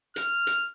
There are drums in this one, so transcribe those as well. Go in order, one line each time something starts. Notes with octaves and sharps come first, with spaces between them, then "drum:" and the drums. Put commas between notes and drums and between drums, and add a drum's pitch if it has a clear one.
F6, drum: hi-hat
drum: hi-hat